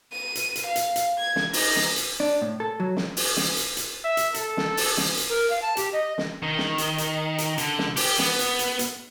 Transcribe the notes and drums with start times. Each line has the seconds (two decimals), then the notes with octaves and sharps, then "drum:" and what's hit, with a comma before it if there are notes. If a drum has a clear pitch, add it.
0.12 D#7
0.35 drum: hi-hat
0.55 drum: hi-hat
0.66 F5
0.76 drum: hi-hat
0.96 drum: hi-hat
1.18 G#6
1.36 drum: snare
1.53 D#4, drum: open hi-hat
1.76 drum: snare
1.96 drum: hi-hat
2.20 D4
2.42 A2
2.60 A4
2.80 F#3
2.97 drum: snare
3.17 drum: open hi-hat
3.37 drum: snare
3.57 drum: hi-hat
3.77 drum: hi-hat
4.05 E5
4.17 drum: hi-hat
4.34 A4, drum: hi-hat
4.57 drum: snare
4.77 drum: open hi-hat
4.97 drum: snare
5.17 drum: hi-hat
5.30 A#4
5.50 F5
5.62 A5
5.77 G4, drum: hi-hat
5.93 D#5
6.18 drum: snare
6.43 D#3
6.58 drum: snare
6.78 drum: hi-hat
6.98 drum: hi-hat
7.38 drum: hi-hat
7.58 D3, drum: hi-hat
7.79 drum: snare
7.96 G4, drum: open hi-hat
8.19 B3, drum: snare
8.39 drum: hi-hat
8.59 drum: hi-hat
8.79 drum: hi-hat